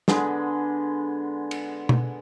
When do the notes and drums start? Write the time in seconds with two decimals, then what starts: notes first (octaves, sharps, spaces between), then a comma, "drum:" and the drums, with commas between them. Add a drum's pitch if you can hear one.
0.08 D3 G#3 B3, drum: snare
1.51 drum: cymbal
1.89 drum: tom